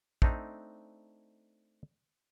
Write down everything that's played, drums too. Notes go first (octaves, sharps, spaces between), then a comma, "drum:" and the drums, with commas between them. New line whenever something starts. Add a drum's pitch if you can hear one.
A3 C4 D4 D#4, drum: kick